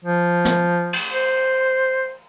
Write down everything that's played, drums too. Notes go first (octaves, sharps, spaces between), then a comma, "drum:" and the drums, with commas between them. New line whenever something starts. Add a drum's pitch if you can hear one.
F3
drum: snare
drum: cymbal
C5